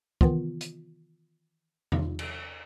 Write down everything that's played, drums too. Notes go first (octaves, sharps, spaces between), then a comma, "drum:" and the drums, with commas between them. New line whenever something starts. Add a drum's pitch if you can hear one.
D#3 E3 B3 F4, drum: kick
drum: hi-hat
drum: tom E2
drum: cymbal